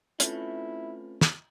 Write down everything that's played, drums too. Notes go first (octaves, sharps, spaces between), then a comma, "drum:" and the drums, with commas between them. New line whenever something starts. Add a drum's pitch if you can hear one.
A3 C4 C#4 E4 F4 B4, drum: hi-hat
drum: snare